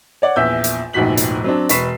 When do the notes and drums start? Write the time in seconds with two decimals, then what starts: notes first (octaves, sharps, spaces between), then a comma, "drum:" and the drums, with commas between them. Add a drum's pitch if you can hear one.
0.22 C#5 D5 F#5
0.36 A#1 E2 E5 E6 G6
0.64 drum: hi-hat
0.93 F1 A#1 G#2 F#4 B6 F#7
1.17 drum: hi-hat
1.44 F#3 C4 D4
1.69 E1 B4 C#6 B6 C7 E7, drum: hi-hat